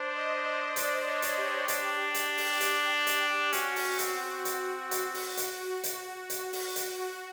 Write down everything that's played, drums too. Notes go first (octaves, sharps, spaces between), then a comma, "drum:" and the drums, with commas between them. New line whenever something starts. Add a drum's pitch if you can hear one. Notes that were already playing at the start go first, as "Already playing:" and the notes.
Already playing: D4 C5
D#5
C5
D5, drum: hi-hat
C#5
drum: hi-hat
G4
D4, drum: hi-hat
drum: hi-hat
drum: open hi-hat
drum: hi-hat
drum: hi-hat
C#4 F#4, drum: hi-hat
drum: open hi-hat
C4, drum: hi-hat
drum: hi-hat
drum: hi-hat
drum: open hi-hat
drum: hi-hat
drum: hi-hat
drum: hi-hat
drum: open hi-hat
drum: hi-hat